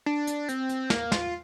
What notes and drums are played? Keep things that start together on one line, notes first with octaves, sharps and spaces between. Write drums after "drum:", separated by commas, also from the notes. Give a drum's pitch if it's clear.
D4
drum: hi-hat
C4, drum: hi-hat
drum: hi-hat
A#3, drum: snare
F4, drum: snare